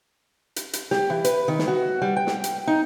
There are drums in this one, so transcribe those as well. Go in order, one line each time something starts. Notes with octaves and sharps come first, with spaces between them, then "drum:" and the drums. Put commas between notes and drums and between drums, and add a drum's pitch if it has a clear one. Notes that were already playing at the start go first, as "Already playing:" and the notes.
drum: hi-hat
drum: hi-hat
G4, drum: snare
E3
B4, drum: hi-hat
D#3
drum: snare
F#4
G3
G5
drum: snare
drum: hi-hat
D#4